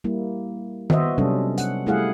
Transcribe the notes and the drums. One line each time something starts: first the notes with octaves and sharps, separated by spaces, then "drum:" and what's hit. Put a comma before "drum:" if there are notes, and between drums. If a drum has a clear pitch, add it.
G3 A#3 E4
B3 F#4 C5 D#5 E5, drum: tom D#3
C3 F#3 G3 C#4 D4 A4
F#5, drum: hi-hat
G3 A3 E4 G#4 F5 F#5